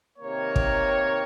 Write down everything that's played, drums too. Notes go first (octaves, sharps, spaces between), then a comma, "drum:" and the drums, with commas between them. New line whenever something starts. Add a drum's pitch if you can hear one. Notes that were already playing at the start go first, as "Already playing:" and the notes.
C3 D#3 A#3 A#4 C#5
drum: kick